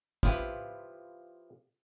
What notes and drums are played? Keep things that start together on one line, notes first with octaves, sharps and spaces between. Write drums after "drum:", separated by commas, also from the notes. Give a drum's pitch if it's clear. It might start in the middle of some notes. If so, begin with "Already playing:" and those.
F3 E4 F4 G4 B4, drum: kick